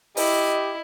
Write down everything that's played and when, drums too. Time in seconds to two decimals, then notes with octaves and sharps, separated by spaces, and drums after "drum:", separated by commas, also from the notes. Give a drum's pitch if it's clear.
0.17 E4 G4 D#5, drum: open hi-hat